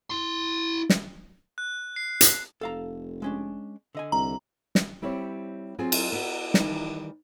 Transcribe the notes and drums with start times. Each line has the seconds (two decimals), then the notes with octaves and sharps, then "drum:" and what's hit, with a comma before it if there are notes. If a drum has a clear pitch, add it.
0.10 E4 C6
0.90 drum: snare
1.58 F#6
1.96 C7
2.21 drum: hi-hat
2.61 F1 A4 F5 A#5
3.22 G#3 C#4 D4
3.95 D3 D#5 G#5
4.12 C2 A#5
4.75 drum: snare
5.02 G3 C4 E4 G4 C#5
5.79 F#3 C4 F4 G#4 G#5
5.92 drum: cymbal
6.12 B3 F#4
6.54 D#3 E3 G3, drum: snare